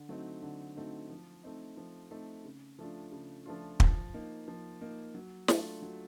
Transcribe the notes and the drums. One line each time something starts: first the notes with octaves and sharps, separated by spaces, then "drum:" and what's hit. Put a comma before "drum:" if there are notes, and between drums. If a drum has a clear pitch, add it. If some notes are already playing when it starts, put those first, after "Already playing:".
Already playing: D3
F#3 A3 C4 D#4
D3
F#3 A3 C4 D#4
F3
A3 C4 D#4
F3
A3 C4 D#4
C#3
F3 A3 D4 F4
C#3
F3 A3 D4 F4
F3, drum: kick
A#3 D#4
F3
A#3 D#4
F#3
A3 D4 F4, drum: snare
F#3